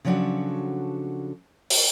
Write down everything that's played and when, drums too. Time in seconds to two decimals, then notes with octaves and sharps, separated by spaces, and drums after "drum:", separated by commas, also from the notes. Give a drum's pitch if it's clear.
0.05 C#3 F3 F#3 D4 F#4 A4
1.70 drum: open hi-hat